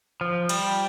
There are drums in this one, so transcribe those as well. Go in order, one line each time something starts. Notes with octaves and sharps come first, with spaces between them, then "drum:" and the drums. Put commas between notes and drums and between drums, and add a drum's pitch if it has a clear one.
F3
G3, drum: cymbal